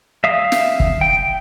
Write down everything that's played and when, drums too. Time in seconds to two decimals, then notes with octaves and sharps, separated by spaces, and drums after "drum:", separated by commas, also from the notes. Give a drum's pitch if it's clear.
0.24 E5 F5 D#6
0.52 drum: snare
0.80 drum: kick
1.01 G5